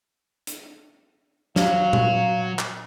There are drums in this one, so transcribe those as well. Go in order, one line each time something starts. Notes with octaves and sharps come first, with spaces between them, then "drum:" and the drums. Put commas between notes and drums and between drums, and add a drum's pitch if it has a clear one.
drum: hi-hat
F#3 F5, drum: snare
drum: tom A#2
drum: clap